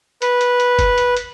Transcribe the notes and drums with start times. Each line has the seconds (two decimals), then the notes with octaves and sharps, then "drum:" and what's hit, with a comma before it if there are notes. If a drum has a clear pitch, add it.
0.22 B4, drum: hi-hat
0.41 drum: hi-hat
0.60 drum: hi-hat
0.79 drum: kick F#1, hi-hat
0.98 drum: hi-hat
1.17 drum: hi-hat